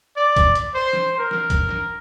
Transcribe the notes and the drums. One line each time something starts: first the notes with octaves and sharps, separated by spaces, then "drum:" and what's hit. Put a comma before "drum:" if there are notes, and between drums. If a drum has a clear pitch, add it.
D5
drum: kick, hi-hat
drum: hi-hat
C5
drum: snare
A#4
drum: snare
drum: kick, hi-hat
drum: snare